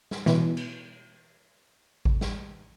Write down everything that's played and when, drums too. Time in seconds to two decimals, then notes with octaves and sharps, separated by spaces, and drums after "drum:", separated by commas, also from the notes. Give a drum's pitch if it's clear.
0.11 drum: snare
0.26 B2 E3, drum: snare
0.57 drum: cymbal
2.05 drum: kick G#1
2.21 drum: snare